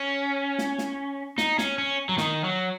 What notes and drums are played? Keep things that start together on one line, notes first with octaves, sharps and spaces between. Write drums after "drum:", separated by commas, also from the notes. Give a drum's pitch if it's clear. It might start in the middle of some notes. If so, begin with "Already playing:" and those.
Already playing: C#4
drum: snare
drum: snare
D#4, drum: snare
C#4, drum: snare
C#4
F#3
D#3, drum: snare
F#3